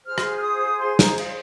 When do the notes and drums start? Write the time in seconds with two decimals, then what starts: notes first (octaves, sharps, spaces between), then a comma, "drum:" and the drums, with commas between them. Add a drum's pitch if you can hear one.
0.05 F4 G#4 C5 F6
0.18 drum: rim click
0.38 F6
0.43 D#6
0.79 C6
0.99 A#5, drum: snare
1.08 D#5
1.18 F5, drum: cymbal